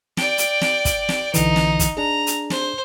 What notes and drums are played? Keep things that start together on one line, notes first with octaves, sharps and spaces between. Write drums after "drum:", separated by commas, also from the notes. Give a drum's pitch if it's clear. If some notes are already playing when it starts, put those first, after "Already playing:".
D5 G5, drum: snare
drum: hi-hat
drum: snare
drum: kick, hi-hat
drum: snare
B1 D3 E3 D#4, drum: hi-hat
drum: snare
drum: kick, hi-hat
D4 G#4 A#5
drum: hi-hat
C5, drum: snare